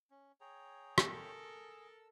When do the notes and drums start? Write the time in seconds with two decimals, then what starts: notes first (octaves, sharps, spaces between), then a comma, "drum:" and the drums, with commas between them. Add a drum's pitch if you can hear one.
0.11 C#4
0.41 G#4 C#5 G5 A#5
0.98 A4 A#4, drum: rim click
1.69 A5 E6